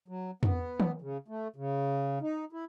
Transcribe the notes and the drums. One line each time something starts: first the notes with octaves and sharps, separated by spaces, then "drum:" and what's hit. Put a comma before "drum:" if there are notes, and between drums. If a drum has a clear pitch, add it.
F#3
B3, drum: tom
drum: tom D#3
C#3
A3
C#3
D#4
E4